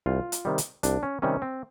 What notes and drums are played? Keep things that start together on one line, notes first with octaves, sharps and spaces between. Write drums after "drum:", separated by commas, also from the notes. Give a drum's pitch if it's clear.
C2 F4
drum: hi-hat
C3 D#3 G3
drum: hi-hat
C2 D4, drum: hi-hat
C#4
C3 D#3 G3 C#4
C4